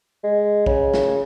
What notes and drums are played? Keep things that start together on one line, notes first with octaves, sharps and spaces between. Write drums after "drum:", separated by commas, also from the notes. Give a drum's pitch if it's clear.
G#3
C#3, drum: kick
drum: snare